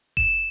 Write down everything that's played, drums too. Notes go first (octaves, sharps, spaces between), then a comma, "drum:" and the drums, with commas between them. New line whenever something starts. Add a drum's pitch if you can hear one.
E7, drum: kick F1